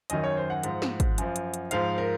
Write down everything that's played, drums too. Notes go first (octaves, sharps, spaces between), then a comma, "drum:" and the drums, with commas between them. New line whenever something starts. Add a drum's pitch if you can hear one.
F#2 D#3 F#3 D#5, drum: hi-hat
C#5
C5
F#5
G#2 F3, drum: hi-hat
drum: snare
drum: kick, hi-hat
F#2 F3, drum: hi-hat
drum: hi-hat
drum: hi-hat
G#2 F3 F5, drum: hi-hat
A#4